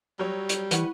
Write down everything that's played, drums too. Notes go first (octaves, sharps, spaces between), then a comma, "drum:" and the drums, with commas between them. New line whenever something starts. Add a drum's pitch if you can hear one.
F#3 G3 C#5
drum: hi-hat
E3 E4 B4 F#5 C#6, drum: hi-hat